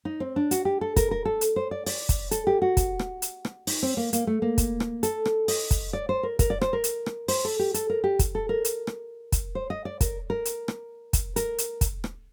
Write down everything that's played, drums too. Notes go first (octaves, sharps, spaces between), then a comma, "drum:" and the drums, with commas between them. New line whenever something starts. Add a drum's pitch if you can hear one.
D#4
C4
D4
F#4, drum: hi-hat
G4
A4
A#4, drum: kick, hi-hat
A#4
A4
drum: hi-hat
C5
D5
D5, drum: open hi-hat
drum: kick, hi-hat
A4, drum: hi-hat
G4
F#4
drum: kick, hi-hat
drum: rim click
drum: hi-hat
drum: rim click
D#4, drum: open hi-hat
C4
A#3
A#3, drum: hi-hat
A3
A#3
drum: kick, hi-hat
drum: rim click
A4, drum: hi-hat
drum: rim click
D#5, drum: open hi-hat
drum: kick, hi-hat
D5
C5
A#4
A#4, drum: kick, hi-hat
D5
C5, drum: rim click
A#4
drum: hi-hat
drum: rim click
C5, drum: open hi-hat
A4
G4
A4, drum: hi-hat
A#4
G4
drum: kick, hi-hat
A4
A#4
drum: hi-hat
drum: rim click
drum: kick, hi-hat
C5
D#5
D5
A#4, drum: kick, hi-hat
A#4
drum: hi-hat
drum: rim click
drum: kick, hi-hat
A#4, drum: hi-hat
drum: hi-hat
drum: kick, hi-hat
drum: rim click